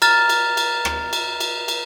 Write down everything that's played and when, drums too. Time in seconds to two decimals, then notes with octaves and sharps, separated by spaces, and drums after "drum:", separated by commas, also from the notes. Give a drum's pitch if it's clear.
0.02 A#5 F6 A6, drum: cymbal
0.29 drum: cymbal
0.57 drum: cymbal
0.85 drum: rim click
1.13 drum: cymbal
1.40 drum: cymbal
1.68 drum: cymbal